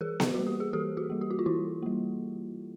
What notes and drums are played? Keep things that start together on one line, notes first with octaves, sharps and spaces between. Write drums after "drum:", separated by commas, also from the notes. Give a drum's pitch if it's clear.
E3 G#4 A#4
drum: snare B3
G3 A#3 F#4
G4
G#4
E3 G4 A4
F#4 G#4
G3 A#3
G4
F#4
F4
E3 E4 F#4
G3 A#3